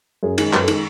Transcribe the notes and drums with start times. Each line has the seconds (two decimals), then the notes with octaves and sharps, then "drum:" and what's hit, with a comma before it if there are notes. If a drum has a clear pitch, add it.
0.23 F#2 G#4
0.38 D#3 G#3, drum: cymbal
0.53 F#2 B4, drum: clap
0.62 A4
0.68 D#3 G#3 G#4, drum: cymbal